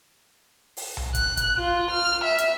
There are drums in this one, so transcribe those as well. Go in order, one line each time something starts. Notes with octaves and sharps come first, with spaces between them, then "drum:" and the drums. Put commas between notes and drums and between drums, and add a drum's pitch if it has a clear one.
drum: open hi-hat
drum: tom B1
F#6, drum: kick, hi-hat
drum: kick, hi-hat
F4
F6
E5
drum: hi-hat